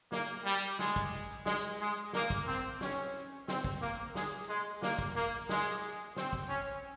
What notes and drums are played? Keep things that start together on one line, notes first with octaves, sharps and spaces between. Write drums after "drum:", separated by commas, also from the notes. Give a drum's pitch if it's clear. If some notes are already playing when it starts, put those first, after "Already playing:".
A#3, drum: snare
G3
G#3, drum: snare
drum: kick
G#3, drum: snare
G#3
A#3, drum: snare
drum: kick
C4
C#4, drum: snare
C4, drum: snare
drum: kick
A#3
G#3, drum: snare
G#3
A#3, drum: snare
drum: kick
A#3
G#3, drum: snare
C4, drum: snare
drum: kick
C#4